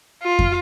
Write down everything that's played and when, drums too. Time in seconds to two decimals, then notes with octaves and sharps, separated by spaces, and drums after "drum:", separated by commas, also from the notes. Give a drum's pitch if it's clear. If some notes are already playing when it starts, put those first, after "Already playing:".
0.23 F4
0.39 drum: kick